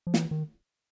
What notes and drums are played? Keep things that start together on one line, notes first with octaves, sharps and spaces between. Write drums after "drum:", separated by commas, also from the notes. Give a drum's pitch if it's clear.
F3
E3, drum: snare
D#3